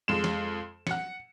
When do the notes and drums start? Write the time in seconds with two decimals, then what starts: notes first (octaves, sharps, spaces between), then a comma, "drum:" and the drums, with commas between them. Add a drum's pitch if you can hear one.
0.08 F2 G#3 E7
0.24 drum: snare
0.87 F#5 C#7, drum: snare